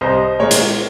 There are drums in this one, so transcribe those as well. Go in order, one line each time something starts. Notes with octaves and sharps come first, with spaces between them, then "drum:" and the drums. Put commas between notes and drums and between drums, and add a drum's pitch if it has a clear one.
C2 C5 D#5
A#2 G#3 A#4 C#5
drum: hi-hat